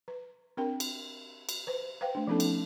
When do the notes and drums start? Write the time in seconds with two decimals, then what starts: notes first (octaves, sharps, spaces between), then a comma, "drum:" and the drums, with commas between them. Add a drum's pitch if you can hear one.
0.08 B4
0.57 C4 D4 A#4 G5
0.80 drum: cymbal
1.49 drum: cymbal
1.67 B4 C5
2.01 B4 C5 F5 G5
2.15 A3 D4
2.27 F3 B3 C#4 D#4 A4 A5
2.40 drum: cymbal